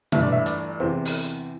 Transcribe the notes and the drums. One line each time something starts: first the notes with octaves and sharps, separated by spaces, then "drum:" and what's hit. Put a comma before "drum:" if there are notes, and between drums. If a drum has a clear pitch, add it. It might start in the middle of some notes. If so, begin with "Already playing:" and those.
G1 G2 E3 A3 E5, drum: tom B2
D5
E5
D5, drum: hi-hat
E2 C3 E3 C5
drum: open hi-hat